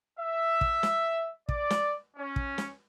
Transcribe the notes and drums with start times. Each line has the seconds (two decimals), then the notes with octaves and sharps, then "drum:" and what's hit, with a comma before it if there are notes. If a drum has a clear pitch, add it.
0.19 E5
0.61 drum: kick
0.83 drum: snare
1.49 D5, drum: kick
1.70 drum: snare
2.16 C#4
2.36 drum: kick
2.58 drum: snare